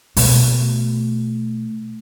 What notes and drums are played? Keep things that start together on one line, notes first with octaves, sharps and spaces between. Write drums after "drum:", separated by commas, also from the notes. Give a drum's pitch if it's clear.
B2 A3, drum: open hi-hat